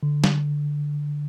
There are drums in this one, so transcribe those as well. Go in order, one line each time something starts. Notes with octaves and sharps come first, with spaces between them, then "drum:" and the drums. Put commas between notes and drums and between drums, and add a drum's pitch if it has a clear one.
D3
drum: snare